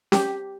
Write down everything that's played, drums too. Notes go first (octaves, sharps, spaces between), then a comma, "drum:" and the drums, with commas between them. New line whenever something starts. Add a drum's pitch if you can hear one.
G4, drum: snare C#4